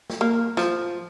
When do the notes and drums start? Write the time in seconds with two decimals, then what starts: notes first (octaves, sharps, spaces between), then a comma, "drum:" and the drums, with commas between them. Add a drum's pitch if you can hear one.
0.10 drum: snare
0.21 A#3
0.57 F3, drum: snare